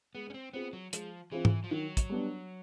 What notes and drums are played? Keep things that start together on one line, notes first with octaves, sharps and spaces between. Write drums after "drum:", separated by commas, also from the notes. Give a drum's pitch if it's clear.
G#3 B3
C#4
C4
B3 C4 F4 G#4
F#3
F3 G#3, drum: hi-hat
E3 C4 F4 G#4
drum: tom
F3
D#3 F#3
drum: kick, hi-hat
G3 B3 D4